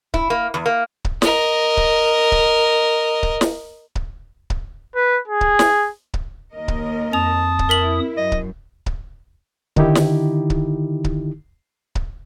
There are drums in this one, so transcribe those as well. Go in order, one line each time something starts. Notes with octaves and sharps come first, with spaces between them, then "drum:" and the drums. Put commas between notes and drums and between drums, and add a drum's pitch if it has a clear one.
E4, drum: kick C#1
A#3
E2
A#3
drum: kick C#1
A#4 D#5, drum: snare
drum: kick C#1
drum: kick C#1
drum: kick C#1
drum: snare
drum: kick C#1
drum: kick C#1
B4
G#4
drum: kick C#1
drum: snare
drum: kick C#1
D#2 A#4 D#5
drum: kick C#1
F2 A5 D#6 F7
drum: kick C#1
E4 A#4 B6 F#7
F#2 D#5
drum: kick C#1
drum: kick C#1
D3 D#3 D#4 E4 G4, drum: kick C#1
drum: snare
drum: kick C#1
drum: kick C#1
drum: kick C#1